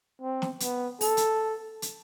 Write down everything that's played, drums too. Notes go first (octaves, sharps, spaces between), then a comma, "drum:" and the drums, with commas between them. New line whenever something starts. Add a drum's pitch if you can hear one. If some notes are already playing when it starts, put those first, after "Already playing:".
C4
drum: snare
B3, drum: hi-hat
A4, drum: open hi-hat
drum: hi-hat
drum: hi-hat